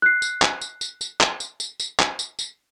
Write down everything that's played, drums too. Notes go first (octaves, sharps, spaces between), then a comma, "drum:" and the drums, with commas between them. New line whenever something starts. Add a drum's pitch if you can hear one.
F#6 C7
drum: tambourine
drum: clap
drum: tambourine
drum: tambourine
drum: tambourine
drum: clap
drum: tambourine
drum: tambourine
drum: tambourine
drum: clap
drum: tambourine
drum: tambourine